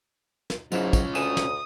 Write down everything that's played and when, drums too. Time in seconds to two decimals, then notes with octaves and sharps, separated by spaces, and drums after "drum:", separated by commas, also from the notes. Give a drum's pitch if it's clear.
0.50 drum: snare
0.72 G#2 F#3 C#4 E4 F4, drum: tambourine
0.93 drum: kick, tambourine
1.15 D2 E5 G#5 D#6, drum: tambourine
1.37 drum: snare